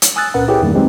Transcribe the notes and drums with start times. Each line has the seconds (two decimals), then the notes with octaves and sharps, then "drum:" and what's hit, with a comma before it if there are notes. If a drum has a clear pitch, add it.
0.02 drum: hi-hat
0.16 G#5 D#6 E6 F#6 A6
0.34 C#2 A#2 C#4 A#4 B4 F#5
0.48 E4 G4 G#4 B4 C#5 G5
0.62 E2 G2 D#3 G3 A3 A#3
0.74 F#3 G#3 C4 D#4 G4